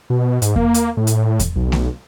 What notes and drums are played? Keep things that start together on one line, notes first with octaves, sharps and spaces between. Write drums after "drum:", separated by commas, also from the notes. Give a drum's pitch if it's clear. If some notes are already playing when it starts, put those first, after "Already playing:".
B2
G#2, drum: hi-hat
A#3, drum: kick E2
drum: hi-hat
A2
drum: hi-hat
drum: kick E2, hi-hat
B1
drum: snare A3